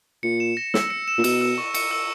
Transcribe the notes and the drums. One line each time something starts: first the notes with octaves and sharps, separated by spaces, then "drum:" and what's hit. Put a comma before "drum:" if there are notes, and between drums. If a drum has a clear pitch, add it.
A#2 C#7
E7
A#6
E6, drum: snare
C#7
E7
A#2
B2 E6, drum: cymbal
E6
C#6
C#7, drum: cymbal
E6